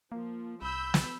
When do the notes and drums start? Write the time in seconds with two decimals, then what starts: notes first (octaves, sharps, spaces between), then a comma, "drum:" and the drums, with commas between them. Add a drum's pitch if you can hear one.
0.12 F3 A#3
0.62 C2 B5 E6 G6
0.94 drum: snare